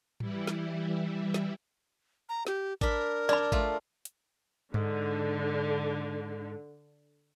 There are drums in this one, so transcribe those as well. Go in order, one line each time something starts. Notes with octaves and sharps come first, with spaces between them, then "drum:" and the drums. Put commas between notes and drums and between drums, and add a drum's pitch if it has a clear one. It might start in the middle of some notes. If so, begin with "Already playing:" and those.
E3 G3 E4, drum: tom G#2
drum: snare
drum: snare
A#5
G4, drum: snare
D4 A#4 B5, drum: kick A1
D4 D5 B5
A3 F4, drum: kick A1
drum: hi-hat
G#2 D3, drum: tom G2